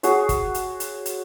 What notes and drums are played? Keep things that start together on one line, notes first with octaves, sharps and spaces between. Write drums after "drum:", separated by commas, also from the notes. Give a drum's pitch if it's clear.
F#4 G#4 C#5, drum: hi-hat
drum: kick, hi-hat
drum: hi-hat
drum: hi-hat
drum: hi-hat